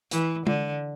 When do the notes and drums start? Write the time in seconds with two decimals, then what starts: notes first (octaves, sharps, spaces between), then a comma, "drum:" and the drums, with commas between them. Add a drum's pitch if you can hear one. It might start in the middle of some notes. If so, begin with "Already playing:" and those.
0.11 E3, drum: hi-hat
0.47 D3, drum: tom